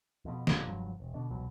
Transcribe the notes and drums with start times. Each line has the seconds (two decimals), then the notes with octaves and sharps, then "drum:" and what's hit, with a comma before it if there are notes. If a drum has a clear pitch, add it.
0.25 F2 B2
0.47 E1 F2 A#2, drum: snare
0.67 F1 G2 F3 F#3
1.00 E1
1.14 B2 D3
1.29 E1 C2 B2 F#3